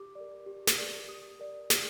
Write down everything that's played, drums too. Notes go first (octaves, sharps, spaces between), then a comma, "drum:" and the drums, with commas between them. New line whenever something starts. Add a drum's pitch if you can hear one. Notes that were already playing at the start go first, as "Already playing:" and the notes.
Already playing: G4 D6
A#4 D5
G4
drum: snare
A#4 D5
G4 D#6
A#4 D5
G4, drum: snare